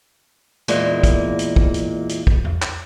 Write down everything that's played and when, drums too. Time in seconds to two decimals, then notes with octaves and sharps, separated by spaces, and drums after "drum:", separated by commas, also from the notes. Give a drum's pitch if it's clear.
0.68 E2 A#2 G#3 A#3, drum: hi-hat
1.04 drum: kick, hi-hat
1.39 drum: hi-hat
1.56 drum: kick
1.74 drum: hi-hat
2.09 drum: hi-hat
2.27 drum: kick
2.45 drum: tom E2
2.62 drum: clap